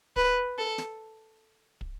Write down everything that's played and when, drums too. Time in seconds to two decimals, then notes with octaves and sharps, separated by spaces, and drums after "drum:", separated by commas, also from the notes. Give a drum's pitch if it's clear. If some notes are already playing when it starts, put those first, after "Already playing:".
0.16 B4, drum: kick
0.58 A4
0.78 drum: snare
1.81 drum: kick